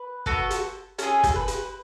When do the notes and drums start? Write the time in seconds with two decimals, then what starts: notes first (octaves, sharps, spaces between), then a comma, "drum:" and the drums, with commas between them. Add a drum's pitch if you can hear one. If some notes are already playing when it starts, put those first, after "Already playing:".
Already playing: B4
0.26 B3 F#4 A4, drum: kick
0.50 drum: hi-hat
0.98 C#4 G#4 A4, drum: hi-hat
1.23 drum: kick, hi-hat
1.36 B4
1.48 drum: hi-hat